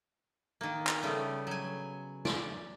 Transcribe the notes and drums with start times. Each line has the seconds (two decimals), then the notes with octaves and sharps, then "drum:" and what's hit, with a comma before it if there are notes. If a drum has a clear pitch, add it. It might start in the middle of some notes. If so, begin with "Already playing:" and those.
0.61 D#3 A#3
0.87 drum: clap
1.03 C#3 G3 A3 B3
1.47 F#3 G#5
2.25 D5, drum: snare